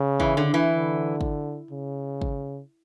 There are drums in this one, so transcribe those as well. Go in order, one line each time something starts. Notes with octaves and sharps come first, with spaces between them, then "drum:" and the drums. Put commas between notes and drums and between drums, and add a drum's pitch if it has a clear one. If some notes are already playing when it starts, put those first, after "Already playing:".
Already playing: C#3
E3, drum: kick
D3
E3
D3
drum: kick
C#3
drum: kick